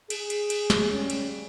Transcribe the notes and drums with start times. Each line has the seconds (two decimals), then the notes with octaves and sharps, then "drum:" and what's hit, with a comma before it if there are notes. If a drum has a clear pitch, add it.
0.10 G#4, drum: cymbal
0.30 drum: cymbal
0.50 drum: cymbal
0.70 drum: snare
0.90 C#3 G3 C#4
1.10 drum: cymbal